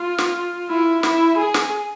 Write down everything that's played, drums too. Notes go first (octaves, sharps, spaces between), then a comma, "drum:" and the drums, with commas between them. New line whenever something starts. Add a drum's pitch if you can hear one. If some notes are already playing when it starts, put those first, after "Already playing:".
Already playing: F4
drum: snare
E4
E4, drum: snare
G#4
drum: snare